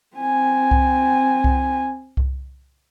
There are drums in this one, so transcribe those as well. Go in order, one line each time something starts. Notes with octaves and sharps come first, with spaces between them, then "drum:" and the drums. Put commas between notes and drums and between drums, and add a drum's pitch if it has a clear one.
C4 G#5
drum: kick C2
drum: kick C2
drum: kick C2